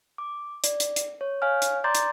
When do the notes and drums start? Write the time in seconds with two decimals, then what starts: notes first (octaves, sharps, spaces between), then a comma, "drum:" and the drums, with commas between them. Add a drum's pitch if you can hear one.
0.18 D6
0.64 D5, drum: hi-hat
0.80 drum: hi-hat
0.96 drum: hi-hat
1.21 C#5
1.42 C#5 F5 G#5 F6
1.62 drum: hi-hat
1.84 D5 A#5 C6 D6 G6 A6
1.95 drum: hi-hat